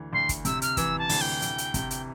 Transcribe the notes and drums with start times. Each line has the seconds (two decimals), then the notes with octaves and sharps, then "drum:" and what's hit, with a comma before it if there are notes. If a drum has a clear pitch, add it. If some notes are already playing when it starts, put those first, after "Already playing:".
Already playing: D2 E3
0.13 D2 C6
0.29 drum: kick, hi-hat
0.45 C3 E6, drum: hi-hat
0.62 F6, drum: hi-hat
0.77 E3 E6, drum: kick, hi-hat
0.99 A5
1.09 D2, drum: open hi-hat
1.21 G5
1.42 D2, drum: hi-hat
1.58 drum: hi-hat
1.74 C3, drum: kick, hi-hat
1.91 drum: hi-hat